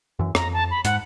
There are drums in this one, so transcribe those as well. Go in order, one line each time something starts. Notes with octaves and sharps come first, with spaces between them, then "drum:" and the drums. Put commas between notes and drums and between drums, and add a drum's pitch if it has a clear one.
F#2 E3
F2 A#5, drum: rim click
A5
B5
G#2 F#5, drum: hi-hat